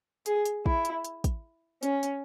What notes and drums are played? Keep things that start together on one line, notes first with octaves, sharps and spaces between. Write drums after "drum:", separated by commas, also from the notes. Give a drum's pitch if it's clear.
G#4, drum: hi-hat
drum: hi-hat
E4, drum: kick
drum: hi-hat
drum: hi-hat
drum: kick, hi-hat
C#4, drum: hi-hat
drum: hi-hat